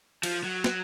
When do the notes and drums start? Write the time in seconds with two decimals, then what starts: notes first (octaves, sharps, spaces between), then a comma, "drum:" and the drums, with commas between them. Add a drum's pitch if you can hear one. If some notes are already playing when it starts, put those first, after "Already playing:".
0.23 F3, drum: cymbal
0.44 F#3
0.64 drum: snare